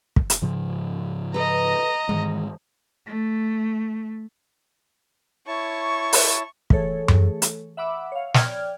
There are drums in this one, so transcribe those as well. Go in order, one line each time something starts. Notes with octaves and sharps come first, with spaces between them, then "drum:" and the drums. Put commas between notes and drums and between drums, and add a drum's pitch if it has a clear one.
drum: kick
drum: hi-hat
G#2 C#3 F3
A4 B4 D#5 A#5
G#2 D#3 E3 G#3
A3
E4 C#5 A5 C#6
drum: open hi-hat
E3 A3 G#4 A4 C#5, drum: kick
drum: tom F#2
drum: hi-hat
E5 F#5 B5 D6 E6
C#5 F5
D5 G5 F6 G#6, drum: snare